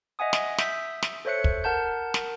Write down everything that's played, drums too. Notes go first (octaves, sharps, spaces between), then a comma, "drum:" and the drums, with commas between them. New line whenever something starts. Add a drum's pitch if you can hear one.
D#5 E5 F#5 G#5 D#6
drum: snare
E5 D#6 E6 G6 B6, drum: snare
drum: snare
A4 C5 C#5 E5 F#6 C#7
drum: kick
A#4 F#5 A5 G6
drum: snare